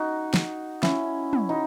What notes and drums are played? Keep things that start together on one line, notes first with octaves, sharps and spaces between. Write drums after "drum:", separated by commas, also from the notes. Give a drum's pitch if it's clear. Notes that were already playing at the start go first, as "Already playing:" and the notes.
Already playing: D#4 F#4
drum: snare
C#4 E4, drum: snare
drum: tom
D#4 F#4